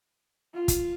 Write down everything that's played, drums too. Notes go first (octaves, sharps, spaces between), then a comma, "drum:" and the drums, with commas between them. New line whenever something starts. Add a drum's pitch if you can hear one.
F4
drum: kick, hi-hat